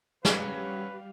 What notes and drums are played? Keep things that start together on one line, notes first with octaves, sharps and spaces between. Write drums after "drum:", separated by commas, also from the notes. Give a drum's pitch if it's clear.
F#3 G3 C#4 G4 B4 F5, drum: snare